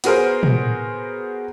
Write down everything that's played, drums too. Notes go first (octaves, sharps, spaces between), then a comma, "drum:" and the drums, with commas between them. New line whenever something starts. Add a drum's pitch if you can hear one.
B3 F#4 G#4 A#4 C5, drum: hi-hat
drum: tom